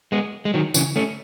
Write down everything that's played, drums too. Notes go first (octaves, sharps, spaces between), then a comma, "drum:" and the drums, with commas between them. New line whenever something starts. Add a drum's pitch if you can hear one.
G#3 B3
G#3
D#3 F#3
C#3 E3, drum: tambourine
A3 C#4